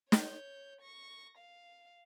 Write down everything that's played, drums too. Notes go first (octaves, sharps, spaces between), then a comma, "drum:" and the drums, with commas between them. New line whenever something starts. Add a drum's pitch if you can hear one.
C#5 G6, drum: snare
C#6 A#6
F5